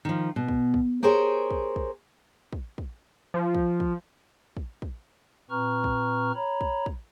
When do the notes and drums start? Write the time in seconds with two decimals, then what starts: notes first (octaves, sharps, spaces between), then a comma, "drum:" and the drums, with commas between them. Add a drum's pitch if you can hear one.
0.05 D#3 F3
0.36 B2
0.48 drum: kick
0.74 drum: kick
1.03 G4 G#4 A#4 C5 C#5 G#5
1.51 drum: kick
1.76 drum: kick
2.53 drum: kick
2.78 drum: kick
3.34 F3
3.55 drum: kick
3.80 drum: kick
4.57 drum: kick
4.82 drum: kick
5.50 A#2 C4 B4 A#5 C#6 F6
5.84 drum: kick
6.35 C#5 A#5 B5
6.61 drum: kick
6.86 drum: kick